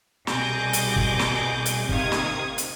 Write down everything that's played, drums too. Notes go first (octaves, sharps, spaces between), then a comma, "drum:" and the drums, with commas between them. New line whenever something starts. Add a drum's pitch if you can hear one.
C2 B2 G#4 D6 G6 A#6, drum: snare
drum: hi-hat
drum: kick
drum: snare
drum: hi-hat
C3 D#3 F5 D#6 G#6, drum: kick
drum: snare
drum: hi-hat